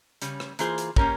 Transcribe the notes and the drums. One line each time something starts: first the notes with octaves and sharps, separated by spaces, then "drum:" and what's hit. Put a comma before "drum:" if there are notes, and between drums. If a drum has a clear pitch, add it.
C#3 G3 C#4, drum: hi-hat
drum: rim click
E3 A#3 F4 G#4 C5, drum: hi-hat
drum: hi-hat
A#3 C#4 G4 A#4 C#5, drum: kick